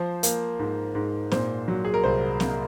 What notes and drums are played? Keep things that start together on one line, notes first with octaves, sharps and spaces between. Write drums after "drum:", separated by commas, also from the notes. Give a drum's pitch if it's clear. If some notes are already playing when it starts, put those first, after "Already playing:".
Already playing: F3 C5
A#3, drum: hi-hat
G#2
G#2
A#2 C5, drum: snare
F#3
G#4
A#4
C2 C5
A#3, drum: snare